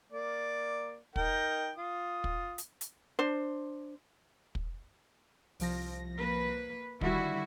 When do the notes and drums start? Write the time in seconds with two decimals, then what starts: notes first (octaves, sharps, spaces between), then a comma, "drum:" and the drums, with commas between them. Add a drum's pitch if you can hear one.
0.12 A#3 D5
1.16 D#4 A#4 G5, drum: kick
1.77 F4 D#6
2.24 drum: kick
2.58 drum: hi-hat
2.81 drum: hi-hat
3.19 D4 C5
4.55 drum: kick
5.60 C2 F3 A#6, drum: open hi-hat
6.18 A#3 B4
7.01 D3 D#3 G3 E4 F#4, drum: kick